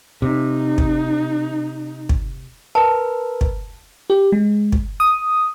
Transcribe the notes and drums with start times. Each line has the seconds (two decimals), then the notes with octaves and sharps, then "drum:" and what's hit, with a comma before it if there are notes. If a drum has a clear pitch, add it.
0.22 C3 D#4
0.78 drum: kick
2.09 drum: kick
2.75 A#4 B4 A5
3.41 drum: kick
4.10 G4
4.32 G#3
4.72 drum: kick
5.00 D#6